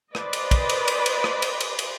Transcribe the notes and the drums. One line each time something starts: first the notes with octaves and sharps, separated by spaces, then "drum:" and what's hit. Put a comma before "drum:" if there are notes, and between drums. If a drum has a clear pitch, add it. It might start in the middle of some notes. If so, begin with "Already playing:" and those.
B4 C5 D5 D#5, drum: rim click
drum: cymbal
drum: kick, cymbal
drum: cymbal
drum: cymbal
drum: cymbal
drum: rim click
drum: cymbal
drum: cymbal
drum: cymbal